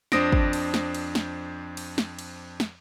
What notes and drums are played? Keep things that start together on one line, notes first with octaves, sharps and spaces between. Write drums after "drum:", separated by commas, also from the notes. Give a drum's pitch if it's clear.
F2 D4 C5 D#6 A#6 D7, drum: snare
drum: kick
drum: cymbal
drum: snare
drum: cymbal
drum: snare
drum: cymbal
drum: snare
drum: cymbal
drum: snare